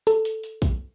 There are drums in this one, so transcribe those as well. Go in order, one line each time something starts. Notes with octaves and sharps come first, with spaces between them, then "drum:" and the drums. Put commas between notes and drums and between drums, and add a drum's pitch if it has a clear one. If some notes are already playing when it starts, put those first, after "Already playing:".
A4, drum: hi-hat
drum: hi-hat
drum: hi-hat
drum: kick, hi-hat